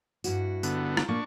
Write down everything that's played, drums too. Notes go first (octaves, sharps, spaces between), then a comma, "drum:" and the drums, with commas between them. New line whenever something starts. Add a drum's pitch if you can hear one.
G2 E4 F#4, drum: tambourine
D3 B3, drum: tambourine
drum: rim click
A#2 A#3 D4 C#6